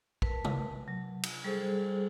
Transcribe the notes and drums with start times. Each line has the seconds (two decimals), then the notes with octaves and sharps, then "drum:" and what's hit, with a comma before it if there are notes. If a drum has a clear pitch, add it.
0.22 A#4 B4 A5, drum: kick
0.44 drum: tom C3
0.88 F#3
1.23 drum: cymbal
1.44 G3 G#4 A4 C5